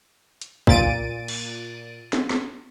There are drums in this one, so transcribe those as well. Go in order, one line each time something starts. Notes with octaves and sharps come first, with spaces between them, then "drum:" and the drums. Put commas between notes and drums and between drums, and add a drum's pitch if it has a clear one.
drum: hi-hat
A#2 A6 D7 D#7, drum: kick
drum: cymbal
drum: snare
drum: snare